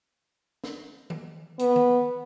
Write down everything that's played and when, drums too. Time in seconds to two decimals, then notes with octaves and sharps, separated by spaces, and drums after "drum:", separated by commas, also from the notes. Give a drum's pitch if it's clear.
0.64 drum: snare
1.10 drum: tom D#3
1.59 B3, drum: hi-hat
1.76 drum: tom D#3